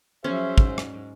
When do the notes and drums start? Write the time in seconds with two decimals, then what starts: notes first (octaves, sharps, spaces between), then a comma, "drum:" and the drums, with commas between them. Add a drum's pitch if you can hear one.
0.24 F3 F#3 C#4 G#4 C5 E5
0.58 G#2, drum: kick
0.78 drum: rim click